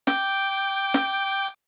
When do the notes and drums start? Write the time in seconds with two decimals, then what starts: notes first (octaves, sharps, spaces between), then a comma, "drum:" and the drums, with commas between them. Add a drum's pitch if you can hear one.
0.07 G5 D6 G6, drum: snare
0.94 drum: snare